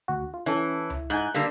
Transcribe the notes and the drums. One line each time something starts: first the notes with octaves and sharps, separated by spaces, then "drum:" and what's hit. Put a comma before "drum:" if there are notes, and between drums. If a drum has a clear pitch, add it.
D2 F#4
F4
E3 C#4 A4
drum: tom C#2
G#2 G#5 F#6 G6
D3 G3 A#3 D4 E6 B6